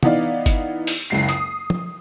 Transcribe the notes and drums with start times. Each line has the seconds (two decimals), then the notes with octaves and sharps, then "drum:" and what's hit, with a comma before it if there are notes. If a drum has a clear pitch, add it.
0.03 E3 B3 D#4 D5 F5, drum: tom
0.46 drum: kick G1, hi-hat
0.87 drum: open hi-hat
1.10 F#1 C#2 C7
1.29 D#6, drum: hi-hat
1.70 drum: tom